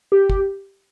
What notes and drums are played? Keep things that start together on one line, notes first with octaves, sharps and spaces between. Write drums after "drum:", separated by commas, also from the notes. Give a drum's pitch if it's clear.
G4
drum: kick